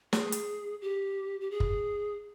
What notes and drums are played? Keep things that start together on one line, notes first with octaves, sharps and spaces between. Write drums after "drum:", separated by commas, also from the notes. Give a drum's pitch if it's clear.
G#4, drum: snare
drum: hi-hat
G4
G4
G#4
drum: kick